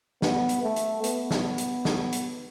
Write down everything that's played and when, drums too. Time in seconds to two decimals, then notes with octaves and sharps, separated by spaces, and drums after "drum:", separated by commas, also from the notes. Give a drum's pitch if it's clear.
0.22 B3, drum: snare
0.49 drum: hi-hat
0.63 A3
0.76 drum: hi-hat
1.04 B3, drum: hi-hat
1.31 drum: snare
1.58 drum: hi-hat
1.85 drum: snare
2.12 drum: hi-hat